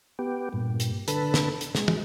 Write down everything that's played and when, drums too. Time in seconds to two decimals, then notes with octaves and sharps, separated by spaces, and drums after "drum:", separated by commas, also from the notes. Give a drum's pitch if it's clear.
0.19 B3 G4
0.53 G2 A#2
0.80 drum: hi-hat
1.08 D3 A4 B4, drum: hi-hat
1.34 drum: snare
1.61 drum: hi-hat
1.75 G#3, drum: snare
1.88 drum: tom